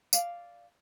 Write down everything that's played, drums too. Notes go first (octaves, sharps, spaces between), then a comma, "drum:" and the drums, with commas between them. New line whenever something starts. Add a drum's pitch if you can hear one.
D5 F5, drum: tambourine